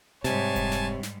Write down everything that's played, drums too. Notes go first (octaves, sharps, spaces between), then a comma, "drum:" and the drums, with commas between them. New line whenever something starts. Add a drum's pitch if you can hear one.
G#2 C3 G3 C#5 G#5 A5, drum: snare
drum: kick F1, hi-hat
drum: snare
drum: snare